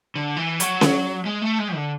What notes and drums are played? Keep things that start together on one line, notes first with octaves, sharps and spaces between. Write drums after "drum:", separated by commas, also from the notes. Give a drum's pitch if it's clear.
D3
E3
F#3, drum: hi-hat
drum: snare C#4
G#3
A3
G#3
D3